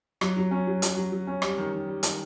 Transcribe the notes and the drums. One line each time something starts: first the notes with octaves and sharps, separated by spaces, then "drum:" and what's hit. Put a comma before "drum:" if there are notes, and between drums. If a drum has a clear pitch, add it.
F#3, drum: rim click
F#3
C#4
F#3
F#3, drum: hi-hat
F#3
F#3
C#4
G3, drum: rim click
D#3
D#3
G3
D#3, drum: hi-hat